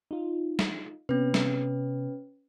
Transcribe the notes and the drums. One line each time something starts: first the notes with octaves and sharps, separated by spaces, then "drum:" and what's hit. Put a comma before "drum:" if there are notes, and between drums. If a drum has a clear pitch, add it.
D#4 F4
drum: snare
C3 B3 C#4 B4
drum: snare